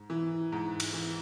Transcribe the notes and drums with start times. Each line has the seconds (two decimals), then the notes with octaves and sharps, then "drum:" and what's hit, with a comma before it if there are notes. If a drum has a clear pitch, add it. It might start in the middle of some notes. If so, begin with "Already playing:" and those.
Already playing: G#2
0.10 E3
0.52 G#2
0.80 drum: cymbal
0.93 E3